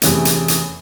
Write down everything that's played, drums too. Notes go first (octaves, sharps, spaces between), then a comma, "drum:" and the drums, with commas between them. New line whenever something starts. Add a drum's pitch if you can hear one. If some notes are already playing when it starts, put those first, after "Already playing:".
E2 C3 E3 A3 C#4, drum: hi-hat
drum: hi-hat
drum: hi-hat